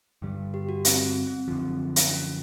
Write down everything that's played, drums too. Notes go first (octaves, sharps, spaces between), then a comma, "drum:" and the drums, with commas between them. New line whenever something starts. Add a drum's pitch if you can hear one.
G2 D3 G3
G4
F#4
C4, drum: hi-hat
C4
C4
F#2 D3 F3
drum: hi-hat
C#4